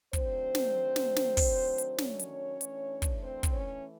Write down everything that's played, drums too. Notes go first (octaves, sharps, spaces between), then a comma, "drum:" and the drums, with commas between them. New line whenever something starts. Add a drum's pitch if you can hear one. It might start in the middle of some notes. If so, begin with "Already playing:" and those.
D#3 F#3 A3 C4 D4 C5, drum: kick, hi-hat
drum: snare
drum: snare
drum: snare
drum: kick, open hi-hat
drum: hi-hat
C#4 C#5, drum: snare
drum: hi-hat
E3 A3 D4, drum: hi-hat
drum: kick, hi-hat
C4 C5
drum: kick, hi-hat
C#4 C#5